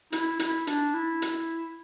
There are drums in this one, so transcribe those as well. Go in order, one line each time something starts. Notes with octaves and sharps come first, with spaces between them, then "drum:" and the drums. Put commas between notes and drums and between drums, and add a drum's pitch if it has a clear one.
E4, drum: hi-hat
E4, drum: hi-hat
D4, drum: hi-hat
E4
drum: hi-hat